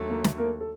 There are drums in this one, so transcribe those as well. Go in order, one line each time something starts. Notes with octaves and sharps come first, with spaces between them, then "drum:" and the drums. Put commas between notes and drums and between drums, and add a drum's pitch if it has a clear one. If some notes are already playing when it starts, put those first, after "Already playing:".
Already playing: D#2 D3 F#3 A3
A#3 A#4
drum: snare
A#3 A#4
A4